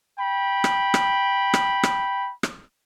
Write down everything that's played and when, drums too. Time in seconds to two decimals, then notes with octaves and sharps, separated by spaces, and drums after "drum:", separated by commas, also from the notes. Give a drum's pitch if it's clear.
0.19 G5 B5
0.64 drum: rim click
0.94 drum: rim click
1.54 drum: rim click
1.83 drum: rim click
2.43 drum: rim click